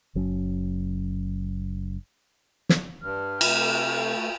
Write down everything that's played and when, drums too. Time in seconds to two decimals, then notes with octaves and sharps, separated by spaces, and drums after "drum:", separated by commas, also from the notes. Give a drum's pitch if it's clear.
0.15 F#1 F#3 C#4
2.69 drum: snare
3.02 G2 F6
3.41 C3 A3 G5, drum: cymbal